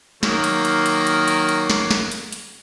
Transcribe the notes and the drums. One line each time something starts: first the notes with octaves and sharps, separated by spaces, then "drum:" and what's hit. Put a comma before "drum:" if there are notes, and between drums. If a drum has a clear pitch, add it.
D#3 F#3 A#3, drum: snare
drum: hi-hat
drum: hi-hat
drum: hi-hat
drum: hi-hat
drum: hi-hat
drum: hi-hat
drum: snare
drum: snare
drum: hi-hat
drum: hi-hat